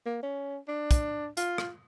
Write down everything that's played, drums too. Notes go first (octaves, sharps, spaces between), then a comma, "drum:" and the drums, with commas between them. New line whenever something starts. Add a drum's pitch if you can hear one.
A#3
C#4
D4
drum: kick, hi-hat
F4, drum: hi-hat
drum: rim click